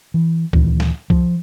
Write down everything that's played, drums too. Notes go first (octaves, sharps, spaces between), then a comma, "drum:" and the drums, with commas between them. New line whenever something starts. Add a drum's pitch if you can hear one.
E3
D2 A#2 D#3 E3, drum: kick C2
drum: snare
F3, drum: kick C2